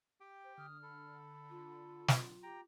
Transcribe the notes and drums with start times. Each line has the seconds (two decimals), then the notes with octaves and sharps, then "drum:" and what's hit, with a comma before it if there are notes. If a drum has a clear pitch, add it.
0.20 G4 G5
0.44 C5
0.58 D3 D#6 F6
0.82 A4 B5
1.50 F4
2.08 drum: snare
2.43 G4 G5 A#5